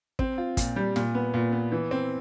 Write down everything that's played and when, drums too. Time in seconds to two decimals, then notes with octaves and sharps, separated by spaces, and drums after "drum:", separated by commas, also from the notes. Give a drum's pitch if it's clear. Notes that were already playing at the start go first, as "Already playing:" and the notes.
0.19 C4, drum: kick
0.38 F4
0.57 A#2, drum: kick, hi-hat
0.76 G3
0.96 A#2, drum: snare
1.15 B3
1.34 A#2
1.52 B3
1.72 E3
1.91 C4